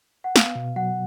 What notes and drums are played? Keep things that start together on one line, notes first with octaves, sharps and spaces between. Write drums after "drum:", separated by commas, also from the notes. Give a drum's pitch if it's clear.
F#5
B3 F5, drum: snare
B2
F#3 F#5